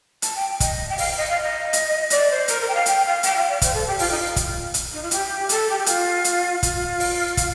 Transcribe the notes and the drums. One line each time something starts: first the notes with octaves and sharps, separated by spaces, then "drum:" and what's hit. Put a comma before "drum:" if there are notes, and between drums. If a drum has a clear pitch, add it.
A5, drum: hi-hat
G5
D#5, drum: kick, hi-hat
G5
F5, drum: open hi-hat
D#5
F5
D#5
drum: hi-hat
D5, drum: hi-hat
C5
A#4, drum: hi-hat
A#4
G5
F5
G5, drum: hi-hat
F5
G5, drum: hi-hat
F5
D5
C5, drum: kick, hi-hat
A4
G4
F4, drum: open hi-hat
D#4
F4
drum: kick, hi-hat
drum: hi-hat
D#4
F4
G4, drum: hi-hat
A4, drum: hi-hat
G4
G4
F4, drum: hi-hat
drum: hi-hat
F4, drum: kick, hi-hat
drum: open hi-hat
drum: kick, hi-hat